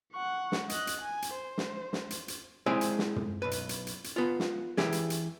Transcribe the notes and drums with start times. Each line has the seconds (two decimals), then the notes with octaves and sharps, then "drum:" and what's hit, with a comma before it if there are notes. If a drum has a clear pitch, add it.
0.13 F#5 C#6
0.52 drum: snare
0.70 D#5 F#6, drum: hi-hat
0.87 drum: hi-hat
1.02 G#5
1.22 drum: hi-hat
1.34 C5
1.58 drum: snare
1.93 drum: snare
2.10 drum: hi-hat
2.28 drum: hi-hat
2.66 G#3 C4 E4 G#4 D5
2.81 drum: hi-hat
2.99 drum: snare
3.16 drum: tom
3.42 B1 B4
3.51 drum: hi-hat
3.69 drum: hi-hat
3.87 drum: hi-hat
4.04 drum: hi-hat
4.16 B3 F4
4.40 drum: snare
4.77 E3 G4 G#4, drum: snare
4.92 drum: hi-hat
5.10 drum: hi-hat